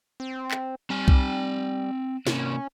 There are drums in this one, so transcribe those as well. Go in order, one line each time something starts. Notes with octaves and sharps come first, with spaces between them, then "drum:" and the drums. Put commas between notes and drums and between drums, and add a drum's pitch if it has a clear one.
C4
drum: clap
G3 C4 G#5
drum: kick C2
C3 A#3 C#4, drum: snare